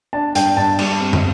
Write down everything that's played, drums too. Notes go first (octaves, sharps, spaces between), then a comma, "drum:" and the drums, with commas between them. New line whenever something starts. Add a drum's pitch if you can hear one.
D4 A5
G2 G5, drum: hi-hat
G2 A5
G3, drum: cymbal
C4
drum: tom